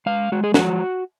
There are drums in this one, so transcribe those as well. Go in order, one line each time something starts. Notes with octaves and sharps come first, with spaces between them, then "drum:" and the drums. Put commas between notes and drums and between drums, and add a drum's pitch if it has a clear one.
G#3 F5
G#3 F#4
G#4
F3 F#4, drum: snare